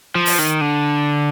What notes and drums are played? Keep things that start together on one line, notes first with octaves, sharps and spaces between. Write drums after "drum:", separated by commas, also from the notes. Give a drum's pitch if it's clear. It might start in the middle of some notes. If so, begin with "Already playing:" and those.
F3
drum: open hi-hat
D#3
D3